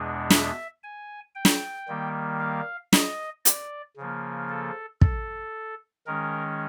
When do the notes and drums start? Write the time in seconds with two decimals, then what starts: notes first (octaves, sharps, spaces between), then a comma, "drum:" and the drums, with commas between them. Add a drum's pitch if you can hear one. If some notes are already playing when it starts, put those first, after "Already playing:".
Already playing: E2 B2 G#3 B3 D4
0.31 E5, drum: snare
0.83 G#5
1.35 G5
1.45 drum: snare
1.88 D#3 G3 A#3
2.40 F5
2.93 D#5, drum: snare
3.45 D5, drum: hi-hat
3.97 C#3 F3 A#3
4.50 A4
5.01 A4, drum: kick
6.07 D#3 G#3 C#4 A#4